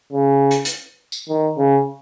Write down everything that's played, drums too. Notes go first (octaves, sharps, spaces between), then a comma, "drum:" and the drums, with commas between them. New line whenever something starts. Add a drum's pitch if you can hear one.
C#3
drum: hi-hat
drum: hi-hat
drum: tambourine
D#3
C#3